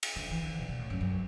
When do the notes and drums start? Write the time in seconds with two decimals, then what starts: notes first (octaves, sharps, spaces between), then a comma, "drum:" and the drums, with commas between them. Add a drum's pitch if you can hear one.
0.03 drum: cymbal
0.16 D3
0.31 E3
0.44 D3
0.59 B2
0.69 B2
0.79 A2
0.90 F#2
1.00 F#2